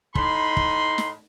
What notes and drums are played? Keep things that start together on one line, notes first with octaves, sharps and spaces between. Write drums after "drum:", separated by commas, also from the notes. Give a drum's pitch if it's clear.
A2 D#4 B5 C6, drum: kick
drum: kick
drum: snare